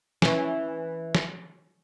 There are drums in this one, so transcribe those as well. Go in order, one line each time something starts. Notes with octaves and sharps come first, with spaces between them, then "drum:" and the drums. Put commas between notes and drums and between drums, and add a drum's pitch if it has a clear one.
E3 C#4, drum: snare
drum: snare